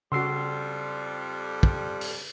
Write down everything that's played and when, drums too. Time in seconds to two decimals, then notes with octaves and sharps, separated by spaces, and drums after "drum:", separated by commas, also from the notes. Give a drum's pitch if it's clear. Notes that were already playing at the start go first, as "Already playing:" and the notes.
0.12 F2 C#3 G3 F#4 C6 E6 C7
1.63 drum: kick
2.01 drum: open hi-hat